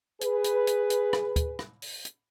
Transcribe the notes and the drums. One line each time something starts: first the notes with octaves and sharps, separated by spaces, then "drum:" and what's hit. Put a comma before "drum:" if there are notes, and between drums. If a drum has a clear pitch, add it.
G#4 B4, drum: hi-hat
drum: hi-hat
drum: hi-hat
drum: hi-hat
drum: rim click
drum: kick, hi-hat
drum: rim click
drum: open hi-hat
drum: hi-hat